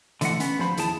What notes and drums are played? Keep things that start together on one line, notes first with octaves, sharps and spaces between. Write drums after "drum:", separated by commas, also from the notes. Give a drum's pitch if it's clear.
D3 E3 F3 A3 D#5 F#5, drum: hi-hat
B3 C#4, drum: hi-hat
F3 C5 B5, drum: snare
D#2 E4 G#4 A5, drum: hi-hat